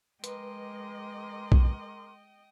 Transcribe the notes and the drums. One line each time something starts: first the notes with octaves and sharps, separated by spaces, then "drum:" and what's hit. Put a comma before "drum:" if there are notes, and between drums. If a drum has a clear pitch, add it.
G#3 A#4 B4 D#5 G5 C6 D6, drum: hi-hat
drum: kick B1